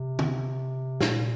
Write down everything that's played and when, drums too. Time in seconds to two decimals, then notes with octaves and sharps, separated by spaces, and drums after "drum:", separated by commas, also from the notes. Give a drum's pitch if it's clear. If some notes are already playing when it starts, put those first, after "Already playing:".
Already playing: C3
0.19 drum: tom
1.01 A#2, drum: snare